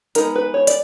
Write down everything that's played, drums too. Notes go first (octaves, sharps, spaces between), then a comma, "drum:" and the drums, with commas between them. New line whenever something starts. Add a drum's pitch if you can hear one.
G#3 B3 D#4 A#4, drum: hi-hat
B4
C#5
D5, drum: hi-hat